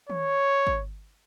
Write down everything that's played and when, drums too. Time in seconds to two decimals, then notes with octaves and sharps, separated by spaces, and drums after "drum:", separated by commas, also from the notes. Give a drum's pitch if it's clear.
0.10 C#5, drum: tom D#3
0.67 drum: kick